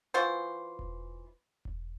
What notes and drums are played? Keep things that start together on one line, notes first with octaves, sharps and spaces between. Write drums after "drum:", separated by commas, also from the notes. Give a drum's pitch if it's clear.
E3 F4 F#4 C5
drum: kick E1
drum: kick E1